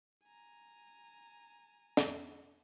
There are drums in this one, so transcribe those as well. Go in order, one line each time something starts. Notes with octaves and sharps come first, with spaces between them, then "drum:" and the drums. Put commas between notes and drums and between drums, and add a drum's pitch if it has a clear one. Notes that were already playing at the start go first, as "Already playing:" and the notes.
G#5 A#5
drum: snare